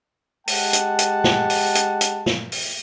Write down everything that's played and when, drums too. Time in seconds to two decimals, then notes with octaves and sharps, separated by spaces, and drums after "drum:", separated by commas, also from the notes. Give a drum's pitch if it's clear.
0.48 G#3 G4 F#5 A5, drum: open hi-hat
0.73 drum: hi-hat
0.99 drum: hi-hat
1.24 drum: snare
1.50 drum: open hi-hat
1.75 drum: hi-hat
2.01 drum: hi-hat
2.26 drum: snare
2.52 drum: open hi-hat